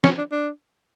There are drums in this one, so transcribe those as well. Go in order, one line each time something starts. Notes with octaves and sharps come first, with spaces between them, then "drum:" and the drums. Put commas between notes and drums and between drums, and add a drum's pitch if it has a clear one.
C#4, drum: snare
D4
D4